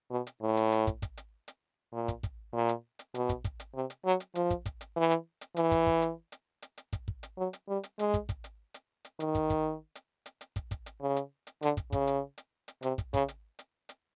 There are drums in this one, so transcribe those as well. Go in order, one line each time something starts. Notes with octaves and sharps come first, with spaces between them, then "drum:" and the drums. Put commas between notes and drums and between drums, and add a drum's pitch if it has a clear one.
B2
drum: hi-hat
A2
drum: hi-hat
drum: hi-hat
drum: kick, hi-hat
drum: kick, hi-hat
drum: hi-hat
drum: hi-hat
A#2
drum: kick, hi-hat
drum: kick, hi-hat
A#2
drum: hi-hat
drum: hi-hat
B2, drum: hi-hat
drum: kick, hi-hat
drum: kick, hi-hat
drum: hi-hat
C3
drum: hi-hat
F#3
drum: hi-hat
F3, drum: hi-hat
drum: kick, hi-hat
drum: kick, hi-hat
drum: hi-hat
E3
drum: hi-hat
drum: hi-hat
E3, drum: hi-hat
drum: kick, hi-hat
drum: kick
drum: hi-hat
drum: hi-hat
drum: hi-hat
drum: hi-hat
drum: kick, hi-hat
drum: kick
drum: hi-hat
F#3
drum: hi-hat
G3
drum: hi-hat
G#3, drum: hi-hat
drum: kick, hi-hat
drum: kick, hi-hat
drum: hi-hat
drum: hi-hat
drum: hi-hat
D#3, drum: hi-hat
drum: kick, hi-hat
drum: kick, hi-hat
drum: hi-hat
drum: hi-hat
drum: hi-hat
drum: kick, hi-hat
drum: kick, hi-hat
drum: hi-hat
C#3
drum: hi-hat
drum: hi-hat
D3, drum: hi-hat
drum: kick, hi-hat
C#3, drum: kick, hi-hat
drum: hi-hat
drum: hi-hat
drum: hi-hat
C3, drum: hi-hat
drum: kick, hi-hat
C#3, drum: kick, hi-hat
drum: hi-hat
drum: hi-hat
drum: hi-hat